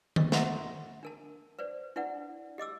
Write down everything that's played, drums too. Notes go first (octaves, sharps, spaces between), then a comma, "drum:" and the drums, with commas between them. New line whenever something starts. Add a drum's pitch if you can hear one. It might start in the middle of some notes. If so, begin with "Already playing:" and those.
C#4 C5 D#5 C#6, drum: tom D3
D#5 E5 F#5 A#5 C6 C#6, drum: snare
D4 A#4 A5
B4 C5 D5
D4 E4 B4 D5 F#5
G4 D#5 D6 E6